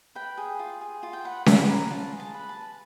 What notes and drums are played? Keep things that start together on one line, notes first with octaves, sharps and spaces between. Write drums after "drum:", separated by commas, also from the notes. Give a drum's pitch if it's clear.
B4 G5
G#4
F4
G#4
F4
G5
B4 F#5
B4 G#5, drum: snare C#4
B4 A#5
F4 A5
G#4
A5
B4
A5
B4